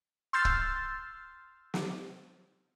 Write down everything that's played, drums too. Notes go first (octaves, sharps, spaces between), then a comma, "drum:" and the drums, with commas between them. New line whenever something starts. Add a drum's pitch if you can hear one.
C6 E6 F6 G6 A6 C7
drum: kick
drum: snare